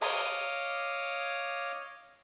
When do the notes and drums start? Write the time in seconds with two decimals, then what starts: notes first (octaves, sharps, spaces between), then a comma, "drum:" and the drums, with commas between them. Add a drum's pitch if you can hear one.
0.01 C#5 D#5 F5 D6 D#6, drum: open hi-hat